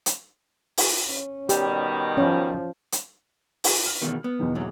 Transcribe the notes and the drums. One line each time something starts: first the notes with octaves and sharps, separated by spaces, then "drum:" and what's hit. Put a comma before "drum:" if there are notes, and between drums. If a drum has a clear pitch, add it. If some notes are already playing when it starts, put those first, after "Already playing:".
drum: hi-hat
drum: open hi-hat
C#4
B2 D#3 G3 G4, drum: hi-hat
F3 C#4 C#5
drum: hi-hat
drum: open hi-hat
F6
E2 B2 D#3
B3
E2 B2 D#3
D#2 G#2 F#3